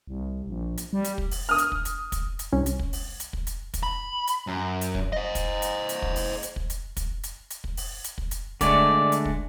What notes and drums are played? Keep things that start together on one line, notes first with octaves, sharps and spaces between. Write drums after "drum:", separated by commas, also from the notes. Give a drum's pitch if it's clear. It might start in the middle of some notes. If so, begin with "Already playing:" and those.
C2
A#1
drum: hi-hat
G3
drum: hi-hat
drum: kick
drum: open hi-hat
D#6 F6
drum: hi-hat
drum: kick
drum: hi-hat
drum: kick, hi-hat
drum: hi-hat
C2 C#4
drum: hi-hat
drum: kick
drum: open hi-hat
drum: hi-hat
drum: kick
drum: hi-hat
drum: kick, hi-hat
B5
drum: hi-hat
F#2
drum: hi-hat
drum: kick
C5 D#5
drum: kick, hi-hat
drum: hi-hat
drum: hi-hat
drum: kick
drum: open hi-hat
drum: hi-hat
drum: kick
drum: hi-hat
drum: kick, hi-hat
drum: hi-hat
drum: hi-hat
drum: kick
drum: open hi-hat
drum: hi-hat
drum: kick
drum: hi-hat
D3 G#3 A3 D5, drum: kick, hi-hat
drum: hi-hat
drum: kick